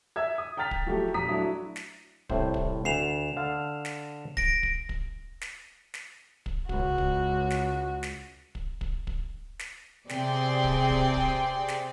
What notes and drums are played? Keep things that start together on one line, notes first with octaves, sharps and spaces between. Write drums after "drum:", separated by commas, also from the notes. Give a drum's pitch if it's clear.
E5 E6 G#6
D#6
G5 A#5 F6 A6 B6 F7
drum: kick
F3 F#3 A3 E4 G4
A#1 A#5 D#6 B6
F#3 A3 D4 E4
drum: snare
C2 A2 C5, drum: kick
drum: kick
D2 C7 E7 F7
D3 F5 A5
drum: snare
A#6 D7, drum: kick
drum: kick
drum: kick
drum: snare
drum: snare
drum: kick
C#2 F#4, drum: kick
drum: kick
drum: snare
drum: snare
drum: kick
drum: kick
drum: kick
drum: snare
C3 C4 G#4 D5 G5 C6, drum: snare
drum: kick
drum: kick
drum: kick
drum: snare